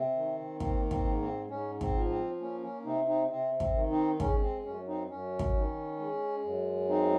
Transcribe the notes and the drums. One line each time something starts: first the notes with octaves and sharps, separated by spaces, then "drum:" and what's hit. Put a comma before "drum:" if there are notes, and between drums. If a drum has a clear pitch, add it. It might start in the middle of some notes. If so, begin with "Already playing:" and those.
Already playing: C3 C4
D#3
A#3 C4, drum: kick
C4, drum: kick
G#2
C4
G#2 C#4
C4, drum: kick
F3
C4
A#3 C#4
C#4
C3 C4 D#4
C4 D#4
C3 C4
C4, drum: kick
D#3
C4 D#4
G#3 C#4, drum: kick
C4
F#2 C#4
C4 D#4
F#2 C#4
drum: kick
D#3
G#3
F#2
C4 D#4